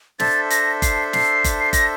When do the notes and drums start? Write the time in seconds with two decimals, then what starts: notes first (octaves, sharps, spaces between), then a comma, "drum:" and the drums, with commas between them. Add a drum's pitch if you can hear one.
0.19 D4 A4 C5 E5 A6, drum: snare
0.50 A#6, drum: hi-hat
0.82 C7, drum: kick F#1, hi-hat
1.13 C7, drum: snare
1.44 drum: kick F#1, hi-hat
1.60 C7
1.73 A#6, drum: kick F#1, hi-hat